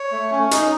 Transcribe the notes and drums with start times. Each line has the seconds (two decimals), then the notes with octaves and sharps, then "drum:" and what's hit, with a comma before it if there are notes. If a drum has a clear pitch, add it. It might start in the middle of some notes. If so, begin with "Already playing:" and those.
Already playing: C#5
0.11 A3
0.31 C#4
0.51 D#4, drum: hi-hat